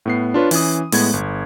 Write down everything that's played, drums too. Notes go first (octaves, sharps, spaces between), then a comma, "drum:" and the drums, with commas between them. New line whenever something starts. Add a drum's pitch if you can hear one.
A2 B3 C7
D4 F4 B4 C#5
E3 C#4 D#6, drum: open hi-hat
A2 G#3 B3 G#6, drum: open hi-hat
G1